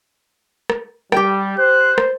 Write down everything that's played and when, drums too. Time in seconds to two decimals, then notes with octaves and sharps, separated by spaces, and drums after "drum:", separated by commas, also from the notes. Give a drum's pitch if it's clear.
0.70 drum: rim click
1.12 G3 G4 G5, drum: rim click
1.58 C5 F#6
1.98 drum: rim click